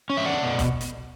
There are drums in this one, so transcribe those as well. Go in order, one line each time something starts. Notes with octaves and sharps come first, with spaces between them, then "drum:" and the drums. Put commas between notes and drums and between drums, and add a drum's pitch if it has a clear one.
C#4
E5
E2 D5 F#5
B2
drum: kick B1, hi-hat
drum: hi-hat